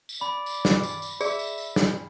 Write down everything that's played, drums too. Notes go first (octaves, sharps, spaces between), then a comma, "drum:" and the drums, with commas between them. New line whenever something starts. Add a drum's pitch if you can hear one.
drum: tambourine
D5 B5
drum: tambourine
drum: snare
drum: tambourine
drum: tambourine
G#4 D5 E5, drum: tambourine
drum: tambourine
drum: tambourine
drum: snare